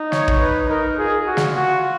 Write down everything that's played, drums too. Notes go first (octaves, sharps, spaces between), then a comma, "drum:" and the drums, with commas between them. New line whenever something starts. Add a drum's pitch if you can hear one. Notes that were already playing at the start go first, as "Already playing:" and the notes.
Already playing: D#4
C#5, drum: snare
drum: kick
B4
D#4 A#4
F4 G#4
F#4
drum: snare
F#4